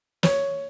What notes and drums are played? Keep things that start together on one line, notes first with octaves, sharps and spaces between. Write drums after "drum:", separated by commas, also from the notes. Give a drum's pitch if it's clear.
C#5, drum: snare